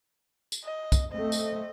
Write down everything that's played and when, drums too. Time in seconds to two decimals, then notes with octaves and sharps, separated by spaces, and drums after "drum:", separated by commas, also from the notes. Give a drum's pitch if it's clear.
0.52 drum: tambourine
0.64 D#5
0.92 drum: kick C2, tambourine
1.12 A3 C4 D#5
1.32 drum: tambourine